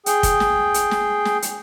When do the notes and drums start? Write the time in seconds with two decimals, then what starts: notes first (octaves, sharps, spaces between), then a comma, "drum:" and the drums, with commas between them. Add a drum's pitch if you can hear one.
0.06 G#4 G5, drum: hi-hat
0.23 drum: kick, hi-hat
0.40 drum: snare
0.74 drum: hi-hat
0.91 drum: snare
1.25 drum: snare
1.42 drum: hi-hat